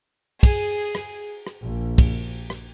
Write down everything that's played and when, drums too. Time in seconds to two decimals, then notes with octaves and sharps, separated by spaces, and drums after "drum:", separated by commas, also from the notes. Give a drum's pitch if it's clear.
0.43 G#4, drum: kick, cymbal
0.95 drum: rim click
1.47 drum: rim click
1.61 A#1
1.98 drum: kick, cymbal
2.50 drum: rim click